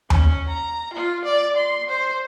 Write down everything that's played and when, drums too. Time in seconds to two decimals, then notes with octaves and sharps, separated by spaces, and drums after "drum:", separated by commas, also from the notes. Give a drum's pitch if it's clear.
0.10 C#4, drum: tom D#2
0.48 A#5
0.93 F4
1.25 D5
1.57 C6
1.89 C5